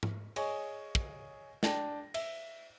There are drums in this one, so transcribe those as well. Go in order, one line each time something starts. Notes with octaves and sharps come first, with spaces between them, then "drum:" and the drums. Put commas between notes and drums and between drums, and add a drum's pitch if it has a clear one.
drum: tom G#2
G#4 C#5 D#5 G#5 C#6, drum: cymbal
drum: kick
D4 G5 A5 A#6, drum: snare
E5, drum: cymbal